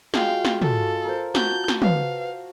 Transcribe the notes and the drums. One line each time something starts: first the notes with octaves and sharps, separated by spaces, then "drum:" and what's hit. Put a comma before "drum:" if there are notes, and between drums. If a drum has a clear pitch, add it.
G#3 F4 F#4 F5 G5, drum: snare
drum: snare
A4, drum: tom
A#4 C5
F4 F#4 A5 G6, drum: snare
drum: snare
B4 F5, drum: tom